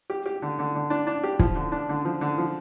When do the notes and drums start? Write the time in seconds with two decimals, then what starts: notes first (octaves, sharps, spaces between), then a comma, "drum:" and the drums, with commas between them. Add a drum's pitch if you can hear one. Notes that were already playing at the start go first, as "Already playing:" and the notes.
0.10 G4
0.26 G4
0.42 D3
0.59 D3
0.75 D3
0.90 D4
1.07 D4
1.24 G4
1.39 F3, drum: kick
1.56 D3
1.72 D4
1.89 D3
2.05 F3
2.21 D3
2.38 F3